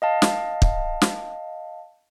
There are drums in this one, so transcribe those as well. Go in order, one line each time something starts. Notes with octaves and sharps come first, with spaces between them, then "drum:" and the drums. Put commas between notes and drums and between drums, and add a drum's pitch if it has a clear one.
D#5 F5 A5
drum: snare
drum: kick
drum: snare